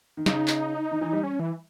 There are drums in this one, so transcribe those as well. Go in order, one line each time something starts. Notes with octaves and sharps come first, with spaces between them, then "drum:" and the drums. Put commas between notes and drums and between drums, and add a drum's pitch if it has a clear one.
D#3
C#3 D#4, drum: snare
drum: clap
D#3
E3
G3
C#4
E3